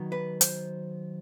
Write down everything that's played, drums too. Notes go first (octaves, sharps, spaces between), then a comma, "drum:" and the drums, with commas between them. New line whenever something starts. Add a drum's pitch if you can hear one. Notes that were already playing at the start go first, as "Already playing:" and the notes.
Already playing: D#3 F#3 B3 D#4
B4
C5, drum: hi-hat